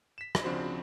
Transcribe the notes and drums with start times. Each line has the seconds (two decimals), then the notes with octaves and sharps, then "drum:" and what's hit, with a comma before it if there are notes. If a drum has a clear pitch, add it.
0.18 B6 E7
0.35 drum: rim click
0.44 C#3 F3 C4 D4 F#4 C5